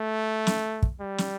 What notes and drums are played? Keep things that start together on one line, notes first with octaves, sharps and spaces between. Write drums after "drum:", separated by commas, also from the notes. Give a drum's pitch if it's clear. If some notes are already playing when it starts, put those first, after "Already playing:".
Already playing: A3
drum: snare
drum: kick
G3
drum: snare